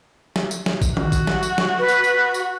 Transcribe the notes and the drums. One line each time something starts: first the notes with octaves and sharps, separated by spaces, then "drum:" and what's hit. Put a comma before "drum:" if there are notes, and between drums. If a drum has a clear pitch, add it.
drum: snare
drum: tambourine
drum: snare
drum: kick, tambourine
F#4, drum: tom D#3
drum: kick, tambourine
drum: snare
drum: tambourine
drum: snare
B4
drum: tambourine
drum: tambourine
F#4
drum: tambourine